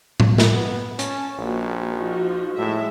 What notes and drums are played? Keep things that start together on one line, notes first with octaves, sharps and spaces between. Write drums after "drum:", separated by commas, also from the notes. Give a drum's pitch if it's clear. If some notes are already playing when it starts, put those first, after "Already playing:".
drum: tom A2
drum: snare
B3
C#4 A5, drum: hi-hat
A#1 A#3 F#4
F3 D#4 F#4
A2 G#3 E5